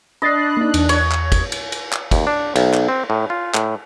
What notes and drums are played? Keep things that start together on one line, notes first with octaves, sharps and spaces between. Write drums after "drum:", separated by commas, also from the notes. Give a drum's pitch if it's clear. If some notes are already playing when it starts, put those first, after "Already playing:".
D4 D#5 B5 F#6 A6 C7
A#3 D#4
E2, drum: cymbal
C#5, drum: cymbal
drum: clap
drum: kick, cymbal
drum: cymbal
drum: cymbal
drum: clap
D#2, drum: kick, cymbal
D4
B1, drum: cymbal
drum: clap
C4
A2
F4
A2, drum: clap